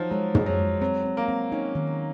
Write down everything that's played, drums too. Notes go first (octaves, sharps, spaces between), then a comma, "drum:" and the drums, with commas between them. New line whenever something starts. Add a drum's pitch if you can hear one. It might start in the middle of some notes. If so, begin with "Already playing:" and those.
Already playing: F3 F#3 D#4
F#3 G#3
G#4, drum: tom
F#3
G#3
F#3 C4
C4
A#3
C4
C#4 D#4
D#3